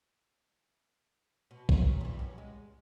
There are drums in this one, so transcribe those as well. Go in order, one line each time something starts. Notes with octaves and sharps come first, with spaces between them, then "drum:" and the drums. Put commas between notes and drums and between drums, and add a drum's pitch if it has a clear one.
B2
A#2 F#3, drum: kick A#1
G2 E3
F#2
G#3